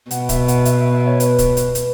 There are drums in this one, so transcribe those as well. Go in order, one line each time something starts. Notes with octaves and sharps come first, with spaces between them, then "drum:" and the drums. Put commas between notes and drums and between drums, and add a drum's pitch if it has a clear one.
B2 F#5, drum: hi-hat
E5, drum: kick, hi-hat
F#5, drum: hi-hat
E5, drum: hi-hat
E5
E5
C#5
B4, drum: hi-hat
drum: kick, hi-hat
drum: hi-hat
drum: hi-hat